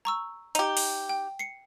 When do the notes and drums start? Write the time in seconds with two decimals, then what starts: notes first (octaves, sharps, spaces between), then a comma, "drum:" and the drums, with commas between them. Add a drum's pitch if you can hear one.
0.05 A#5 C#6 E6
0.55 D#4 G4, drum: hi-hat
0.77 drum: open hi-hat
1.09 G5
1.39 C7 C#7